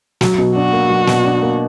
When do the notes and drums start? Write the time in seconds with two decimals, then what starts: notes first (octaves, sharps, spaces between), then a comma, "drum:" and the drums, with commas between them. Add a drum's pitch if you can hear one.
0.21 F#3, drum: snare
0.38 B2
0.56 D4 F#4
0.73 A#3
0.90 F#3
1.07 B2, drum: snare
1.25 D4
1.42 A#3